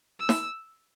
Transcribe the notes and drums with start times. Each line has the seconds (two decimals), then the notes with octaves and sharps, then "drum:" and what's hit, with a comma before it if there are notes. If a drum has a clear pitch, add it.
0.20 E6
0.29 drum: snare